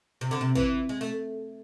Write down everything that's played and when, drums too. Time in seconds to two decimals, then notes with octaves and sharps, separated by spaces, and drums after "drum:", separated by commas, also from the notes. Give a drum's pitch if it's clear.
0.21 C3
0.31 D3
0.41 C3
0.55 E3, drum: kick
0.89 G#3
1.01 A3